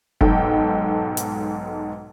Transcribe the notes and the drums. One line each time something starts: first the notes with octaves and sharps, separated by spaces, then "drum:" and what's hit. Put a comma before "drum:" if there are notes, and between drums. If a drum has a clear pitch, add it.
B1 G#2 A4 G5, drum: kick F1
drum: hi-hat